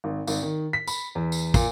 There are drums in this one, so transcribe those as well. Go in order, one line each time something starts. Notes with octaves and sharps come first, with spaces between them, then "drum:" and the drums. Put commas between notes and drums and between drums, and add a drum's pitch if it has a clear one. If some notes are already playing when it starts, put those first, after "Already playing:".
G#1
G#1, drum: tambourine
D#3
B6
B5, drum: tambourine
E2
drum: tambourine
A#2, drum: kick, tambourine